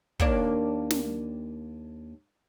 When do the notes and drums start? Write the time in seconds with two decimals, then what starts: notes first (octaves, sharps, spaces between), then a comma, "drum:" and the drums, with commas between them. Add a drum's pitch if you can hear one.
0.20 D#2 A#3 D4, drum: kick
0.90 drum: snare